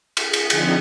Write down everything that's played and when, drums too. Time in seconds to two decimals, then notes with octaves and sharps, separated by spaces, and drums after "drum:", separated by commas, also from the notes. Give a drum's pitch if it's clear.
0.17 G#4, drum: cymbal
0.33 drum: cymbal
0.50 D3 F3 C4 D#4, drum: cymbal